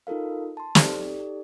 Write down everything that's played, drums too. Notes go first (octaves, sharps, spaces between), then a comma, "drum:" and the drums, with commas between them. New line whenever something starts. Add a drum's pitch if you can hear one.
D#4 F4 A4 A#4 F5
A5 C6
D#4 G4 A4 D5, drum: snare